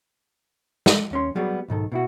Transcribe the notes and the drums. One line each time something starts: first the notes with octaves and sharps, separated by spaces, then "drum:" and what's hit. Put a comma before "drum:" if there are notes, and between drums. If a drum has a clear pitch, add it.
drum: snare
D#2 C#4 C6
F#3 G3 B3 F#4 G#4
B1 G#2 D#3 A4
B2 E4 F#4